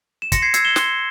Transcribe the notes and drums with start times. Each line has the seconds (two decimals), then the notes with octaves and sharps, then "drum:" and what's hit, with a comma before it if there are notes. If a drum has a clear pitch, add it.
0.22 E7
0.32 C6 A#6 C#7, drum: kick, hi-hat
0.42 G#6 C7
0.54 E6 G6 G#6 C7, drum: hi-hat
0.65 E7 G7
0.76 C6, drum: snare